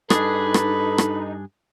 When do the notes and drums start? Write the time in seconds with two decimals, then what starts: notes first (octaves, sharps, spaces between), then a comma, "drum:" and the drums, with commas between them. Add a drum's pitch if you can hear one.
0.10 G2 D4 D#4 G#4 A4 B4, drum: rim click
0.54 drum: rim click
0.98 drum: rim click